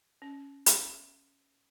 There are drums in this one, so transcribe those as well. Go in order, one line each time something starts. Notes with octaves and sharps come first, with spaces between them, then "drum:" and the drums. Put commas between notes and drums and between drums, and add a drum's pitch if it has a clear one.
C#4
E5, drum: hi-hat